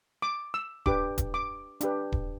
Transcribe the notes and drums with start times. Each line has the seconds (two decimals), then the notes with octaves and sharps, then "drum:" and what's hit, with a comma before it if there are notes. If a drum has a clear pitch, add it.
0.22 D6
0.54 E6
0.86 D4 G4 B4 D6, drum: kick D#1
1.18 drum: kick D#1, hi-hat
1.34 D6
1.81 D4 G4 B4, drum: hi-hat
2.12 drum: kick D#1